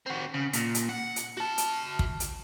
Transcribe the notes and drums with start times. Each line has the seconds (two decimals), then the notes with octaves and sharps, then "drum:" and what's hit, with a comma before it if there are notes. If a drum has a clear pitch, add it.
0.06 C4 F#4
0.34 C#3
0.53 A#2, drum: hi-hat
0.75 drum: hi-hat
0.89 F#5
1.16 drum: hi-hat
1.37 F#4 A5
1.58 drum: hi-hat
1.99 drum: kick
2.20 drum: hi-hat